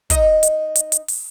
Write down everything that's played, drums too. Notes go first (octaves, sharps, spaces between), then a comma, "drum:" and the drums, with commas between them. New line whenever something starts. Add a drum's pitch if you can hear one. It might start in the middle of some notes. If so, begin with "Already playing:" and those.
D#4 D#5, drum: kick, hi-hat
drum: hi-hat
drum: hi-hat
drum: hi-hat
drum: open hi-hat